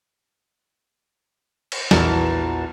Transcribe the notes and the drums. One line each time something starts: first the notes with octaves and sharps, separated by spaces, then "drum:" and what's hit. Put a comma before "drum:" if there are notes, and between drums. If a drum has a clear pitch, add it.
drum: cymbal
A#1 E2 E3 F#4 A#4 A5, drum: snare